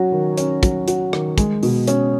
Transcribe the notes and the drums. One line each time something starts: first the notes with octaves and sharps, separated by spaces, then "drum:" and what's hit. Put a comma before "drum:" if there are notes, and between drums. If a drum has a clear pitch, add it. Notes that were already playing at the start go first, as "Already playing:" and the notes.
Already playing: F#3 C#4 F#4
D#3
C#4, drum: hi-hat
F#3, drum: kick, hi-hat
F#4, drum: hi-hat
D#3, drum: rim click
G#3, drum: kick, hi-hat
B2, drum: open hi-hat
C#4, drum: hi-hat